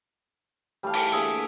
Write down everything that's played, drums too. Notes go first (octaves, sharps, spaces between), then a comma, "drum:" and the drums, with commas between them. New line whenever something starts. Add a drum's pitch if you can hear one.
E3 G3 A3 B4 F5
drum: cymbal
D3 A#3 G#4 E5